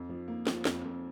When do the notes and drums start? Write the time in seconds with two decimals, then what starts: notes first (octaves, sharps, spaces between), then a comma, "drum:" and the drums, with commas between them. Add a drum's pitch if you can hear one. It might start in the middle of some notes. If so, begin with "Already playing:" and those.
Already playing: F2
0.09 F3
0.28 A#3
0.47 F3, drum: snare
0.65 F2, drum: snare
0.84 F2